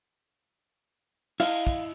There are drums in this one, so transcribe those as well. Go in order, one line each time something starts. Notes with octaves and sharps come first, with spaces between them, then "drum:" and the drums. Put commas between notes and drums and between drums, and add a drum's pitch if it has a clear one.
E4 D#5 F5, drum: cymbal
drum: kick